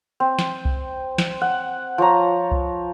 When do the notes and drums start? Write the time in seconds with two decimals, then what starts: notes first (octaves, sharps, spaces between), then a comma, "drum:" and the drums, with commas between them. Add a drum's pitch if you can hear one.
0.20 C4
0.39 drum: snare
0.65 drum: kick C2
1.18 drum: snare
1.41 F#5
1.98 F3 C#5 A#5
2.51 drum: kick C2